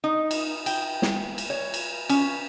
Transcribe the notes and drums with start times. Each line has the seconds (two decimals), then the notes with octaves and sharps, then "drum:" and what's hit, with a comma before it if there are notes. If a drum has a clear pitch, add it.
0.04 D#4
0.31 drum: cymbal
0.66 G5, drum: cymbal
1.02 drum: snare
1.38 drum: cymbal
1.50 C#5
1.74 drum: cymbal
2.09 C#4, drum: cymbal